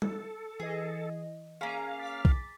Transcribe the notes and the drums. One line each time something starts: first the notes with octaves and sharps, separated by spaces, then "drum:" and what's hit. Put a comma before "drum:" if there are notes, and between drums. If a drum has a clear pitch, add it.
A4, drum: tom G3
E3 G#4 D#5
A#3 C#4 G#4 F5 G#5 A#5
D6 A6 B6
drum: kick